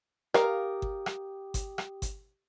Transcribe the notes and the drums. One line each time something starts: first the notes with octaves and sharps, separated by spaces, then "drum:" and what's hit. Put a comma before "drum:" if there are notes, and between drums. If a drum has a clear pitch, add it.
G4 A#4 F5 G5 D#6, drum: rim click
drum: kick G1
drum: rim click
drum: kick G1, hi-hat
drum: rim click
drum: kick G1, hi-hat